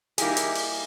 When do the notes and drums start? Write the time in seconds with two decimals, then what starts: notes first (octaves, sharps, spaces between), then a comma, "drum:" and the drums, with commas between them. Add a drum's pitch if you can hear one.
0.18 G3 A#3 D#4 E4 G4 G#4, drum: hi-hat
0.37 drum: hi-hat
0.55 drum: open hi-hat